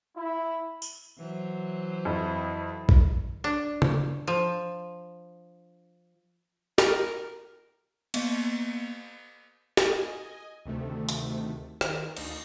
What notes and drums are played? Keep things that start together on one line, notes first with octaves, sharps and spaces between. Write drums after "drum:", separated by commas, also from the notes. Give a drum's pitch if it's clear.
E4
drum: tambourine
E3 F#3 C5
F2 E4
drum: kick A#1
D4
drum: tom
F3
A#4, drum: snare
A#3 B3, drum: cymbal
drum: snare
D#5 G#5
D2 C3 D#3 A3
drum: hi-hat
D#3 A#4, drum: rim click
D2 D#4, drum: cymbal